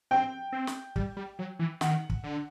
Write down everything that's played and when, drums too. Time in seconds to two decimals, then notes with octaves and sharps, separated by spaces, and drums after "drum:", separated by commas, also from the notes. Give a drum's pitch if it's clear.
0.11 C4 G5
0.52 C4
0.67 drum: snare
0.96 G3, drum: kick
1.17 G3
1.39 F#3
1.59 E3
1.81 D#3 F#5, drum: snare
2.10 drum: kick
2.24 D3